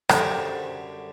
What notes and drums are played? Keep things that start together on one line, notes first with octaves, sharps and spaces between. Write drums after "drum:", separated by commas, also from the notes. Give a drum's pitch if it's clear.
F#2 D3 G3 C5, drum: rim click